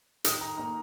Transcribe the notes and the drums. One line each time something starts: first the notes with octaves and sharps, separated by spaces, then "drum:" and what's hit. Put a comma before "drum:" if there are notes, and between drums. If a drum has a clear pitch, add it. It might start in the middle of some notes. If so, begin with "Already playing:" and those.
D#3 D#6, drum: hi-hat
A#5
A#3 D#4 A#5